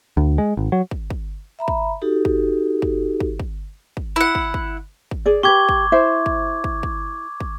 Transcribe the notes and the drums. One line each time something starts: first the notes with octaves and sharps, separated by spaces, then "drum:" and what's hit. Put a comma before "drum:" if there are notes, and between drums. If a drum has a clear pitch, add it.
D2
G#3
G#1
F#3
drum: kick
drum: kick
E5 A#5 B5
drum: kick
D#4 F#4 G4 A4
drum: kick
drum: kick
drum: kick
drum: kick
drum: kick
E4 F#5
drum: kick
drum: kick
drum: kick
G#4 D5
G4 B4 C#6 D6 G#6
drum: kick
E4 C5 E5
drum: kick
drum: kick
drum: kick
drum: kick